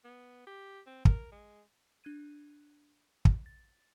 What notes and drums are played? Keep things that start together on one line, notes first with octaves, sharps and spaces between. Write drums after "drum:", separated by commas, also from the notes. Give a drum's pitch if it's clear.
B3
G4
C4
A#4, drum: kick
G#3
D4 F#6 G#6 D#7
drum: kick
A6